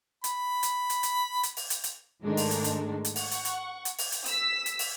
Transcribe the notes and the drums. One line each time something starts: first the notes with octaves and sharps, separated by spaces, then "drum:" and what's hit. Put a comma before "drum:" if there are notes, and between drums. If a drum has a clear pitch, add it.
B5, drum: hi-hat
drum: hi-hat
drum: hi-hat
drum: hi-hat
drum: hi-hat
drum: open hi-hat
drum: hi-hat
drum: hi-hat
G#2 D#3 G#3 A3 D4 D#4
drum: open hi-hat
drum: hi-hat
drum: hi-hat
drum: hi-hat
F#5 C#6, drum: open hi-hat
drum: hi-hat
drum: hi-hat
drum: hi-hat
drum: open hi-hat
drum: hi-hat
E6 B6, drum: hi-hat
drum: hi-hat
drum: open hi-hat